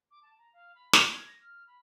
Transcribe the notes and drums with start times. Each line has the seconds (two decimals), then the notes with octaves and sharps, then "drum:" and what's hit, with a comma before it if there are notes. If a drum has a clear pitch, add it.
0.11 D6
0.23 A5
0.38 A#5
0.53 F5
0.75 B5
0.93 B6, drum: snare
1.12 G#6
1.28 A#6
1.41 F6
1.67 B5